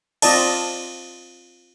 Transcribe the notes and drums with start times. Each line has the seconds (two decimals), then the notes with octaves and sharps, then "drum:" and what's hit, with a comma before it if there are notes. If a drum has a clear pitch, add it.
0.22 C4 F4 D5 D#5 A5, drum: cymbal